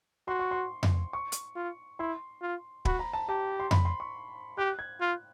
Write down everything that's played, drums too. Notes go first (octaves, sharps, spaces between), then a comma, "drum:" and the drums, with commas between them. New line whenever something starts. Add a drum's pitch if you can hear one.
F#4 C6
C#6
C6
drum: tom F2
C#6
drum: hi-hat
F4
E4 C6
F4
F#4 B5, drum: kick
A#5
A5
G4 A5
C6
B5, drum: tom F2
C6
C#6
G4 F#6
G#6
F4